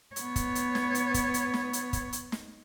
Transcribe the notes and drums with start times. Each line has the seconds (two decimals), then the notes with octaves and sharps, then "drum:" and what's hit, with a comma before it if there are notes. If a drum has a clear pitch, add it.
0.16 B3 C#5, drum: hi-hat
0.36 drum: kick, hi-hat
0.55 drum: hi-hat
0.75 drum: snare
0.95 drum: hi-hat
1.14 drum: kick, hi-hat
1.34 drum: hi-hat
1.54 drum: snare
1.73 drum: hi-hat
1.93 drum: kick, hi-hat
2.13 drum: hi-hat
2.32 drum: snare